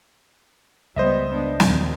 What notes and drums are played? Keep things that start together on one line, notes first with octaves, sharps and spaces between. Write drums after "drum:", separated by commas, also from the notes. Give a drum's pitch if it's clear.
C#2 G3 B3 C5 D#5 E5
B3 D4
D#2 A#2, drum: snare